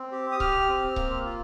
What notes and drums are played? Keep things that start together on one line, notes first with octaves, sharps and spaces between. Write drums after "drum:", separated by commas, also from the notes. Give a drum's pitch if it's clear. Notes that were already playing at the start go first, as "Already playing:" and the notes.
Already playing: C4
G4
D#6
G4 F6, drum: kick C#1
C4
A#3, drum: kick C#1
F4